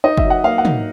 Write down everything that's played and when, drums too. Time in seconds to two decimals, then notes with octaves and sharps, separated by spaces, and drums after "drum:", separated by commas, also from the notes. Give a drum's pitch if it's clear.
0.04 D#4 D#5
0.18 E5, drum: kick
0.24 F#3
0.30 F#5
0.44 A#3 F5
0.58 F#5
0.65 D#4, drum: tom